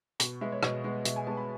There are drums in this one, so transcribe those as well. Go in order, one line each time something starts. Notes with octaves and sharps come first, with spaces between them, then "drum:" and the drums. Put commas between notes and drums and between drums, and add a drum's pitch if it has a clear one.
B2, drum: hi-hat
G#3 B3 E5
C#5
B2 D#5, drum: rim click
G#3 B3
B2 E5, drum: hi-hat
G#5
G#3 B3 A5
B5